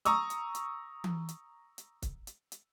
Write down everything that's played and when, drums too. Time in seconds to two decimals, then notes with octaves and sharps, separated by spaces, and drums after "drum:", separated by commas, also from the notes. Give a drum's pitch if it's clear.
0.05 A#5 C#6 D#6 E6, drum: hi-hat
0.30 drum: hi-hat
0.55 drum: hi-hat
1.04 drum: tom E3
1.29 drum: hi-hat
1.78 drum: hi-hat
2.02 drum: kick, hi-hat
2.27 drum: hi-hat
2.52 drum: hi-hat